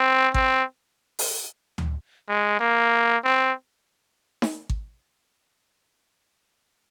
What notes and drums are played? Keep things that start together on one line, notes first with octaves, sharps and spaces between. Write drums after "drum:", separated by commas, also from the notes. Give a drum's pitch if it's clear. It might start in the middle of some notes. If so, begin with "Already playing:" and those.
Already playing: C4
C4, drum: kick G#1
drum: open hi-hat
drum: tom D2
G#3
A#3
C4
drum: snare D#4
drum: kick G#1